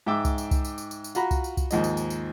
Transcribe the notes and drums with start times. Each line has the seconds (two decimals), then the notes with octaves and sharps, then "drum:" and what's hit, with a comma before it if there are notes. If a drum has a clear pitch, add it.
0.06 G#2 E5 G5 D6 E6
0.25 drum: kick C2, tambourine
0.38 drum: tambourine
0.51 drum: kick C2, tambourine
0.65 drum: tambourine
0.78 drum: tambourine
0.91 drum: tambourine
1.04 drum: tambourine
1.15 F4 F#4 A#5 B5, drum: tambourine
1.31 drum: kick C2, tambourine
1.44 drum: tambourine
1.57 drum: kick C2, tambourine
1.71 D#2 G#2 F3 D#5, drum: tambourine
1.84 drum: tambourine
1.97 drum: tambourine
2.10 drum: tambourine